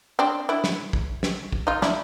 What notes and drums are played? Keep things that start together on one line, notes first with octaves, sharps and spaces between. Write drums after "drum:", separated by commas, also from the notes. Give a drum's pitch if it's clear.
C4 D4
D4 E4
drum: snare
drum: kick
drum: snare
drum: kick
D#4 F4
D4 E4, drum: snare